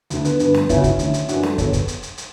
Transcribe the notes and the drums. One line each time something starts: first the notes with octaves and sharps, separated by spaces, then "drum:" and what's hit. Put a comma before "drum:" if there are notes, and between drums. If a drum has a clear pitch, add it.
D2 D3, drum: hi-hat
B3 D4, drum: hi-hat
G2 D3, drum: hi-hat
drum: snare
E2 C#3 E3 C#4 E4, drum: kick, hi-hat
F#4
C#4 E4, drum: kick, hi-hat
D2 D3, drum: hi-hat
drum: hi-hat
F#2 E3 D4 F#4, drum: hi-hat
F#4 A4, drum: snare
E2 D3 A4 C#5, drum: kick, hi-hat
drum: kick, hi-hat
drum: hi-hat
drum: hi-hat
drum: hi-hat